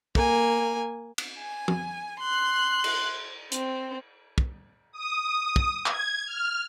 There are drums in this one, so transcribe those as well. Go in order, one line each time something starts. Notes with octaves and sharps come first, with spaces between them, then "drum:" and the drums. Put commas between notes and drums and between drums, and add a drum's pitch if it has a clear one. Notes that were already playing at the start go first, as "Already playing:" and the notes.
A#3 G#5, drum: kick
drum: cymbal
G#5
drum: tom
C6 F#6
drum: cymbal
C4, drum: hi-hat
drum: kick
D#6
drum: kick
G#6, drum: clap
F6